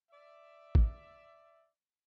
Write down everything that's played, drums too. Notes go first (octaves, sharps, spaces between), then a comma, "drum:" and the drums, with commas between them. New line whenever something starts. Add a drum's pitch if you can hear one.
D5 E5
drum: kick